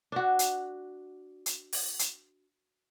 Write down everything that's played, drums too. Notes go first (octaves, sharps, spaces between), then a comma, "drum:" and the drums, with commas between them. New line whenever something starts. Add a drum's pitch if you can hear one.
D4 F#4
drum: hi-hat
drum: hi-hat
drum: open hi-hat
drum: hi-hat